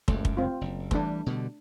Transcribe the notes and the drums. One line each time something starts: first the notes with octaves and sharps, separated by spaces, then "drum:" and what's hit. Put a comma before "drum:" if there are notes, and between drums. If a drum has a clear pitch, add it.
F#1 C#2 F#2 A3, drum: kick
drum: kick
C4 F4
F#1
E3 F3 G3 A3 D4, drum: kick
B2 D3 G3